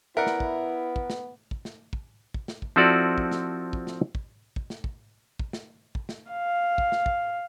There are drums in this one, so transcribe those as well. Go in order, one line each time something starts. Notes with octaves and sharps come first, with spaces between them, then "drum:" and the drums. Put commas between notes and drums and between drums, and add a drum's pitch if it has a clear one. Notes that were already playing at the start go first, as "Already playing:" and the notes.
B3 E4 A#4 D5 E5 F#5
drum: snare
drum: kick
drum: kick
drum: snare
drum: kick
drum: snare
drum: kick
drum: kick
drum: snare
drum: kick
F3 C4 E4 F#4 A4 D5
drum: kick
drum: snare
drum: kick
drum: snare
drum: kick
drum: kick
drum: snare
drum: kick
drum: kick
drum: snare
drum: kick
drum: snare
F5
drum: kick
drum: snare
drum: kick